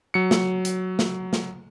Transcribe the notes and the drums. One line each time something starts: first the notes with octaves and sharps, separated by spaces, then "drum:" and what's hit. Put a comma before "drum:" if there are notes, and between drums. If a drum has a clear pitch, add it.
F#3 C#7
drum: snare
drum: hi-hat
drum: snare
drum: snare